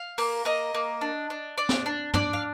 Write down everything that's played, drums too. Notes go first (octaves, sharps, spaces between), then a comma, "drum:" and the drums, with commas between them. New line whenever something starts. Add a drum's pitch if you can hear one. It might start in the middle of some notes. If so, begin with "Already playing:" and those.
Already playing: F5
A#3, drum: open hi-hat
A#3 D#5
A#3
D4
D4
D4 D5
drum: snare
D4
D4 D5, drum: tom
F5